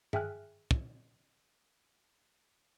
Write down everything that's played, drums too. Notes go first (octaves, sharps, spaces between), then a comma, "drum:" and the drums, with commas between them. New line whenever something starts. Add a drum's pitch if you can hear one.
G#4 E5 G5 G#5 F6 F#6, drum: tom G2
drum: kick